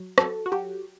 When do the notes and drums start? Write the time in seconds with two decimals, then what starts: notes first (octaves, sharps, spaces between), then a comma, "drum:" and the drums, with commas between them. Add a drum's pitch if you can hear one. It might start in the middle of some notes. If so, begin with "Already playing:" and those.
Already playing: F#3
0.18 F#3 A4, drum: rim click
0.46 F#4
0.52 F#3 G4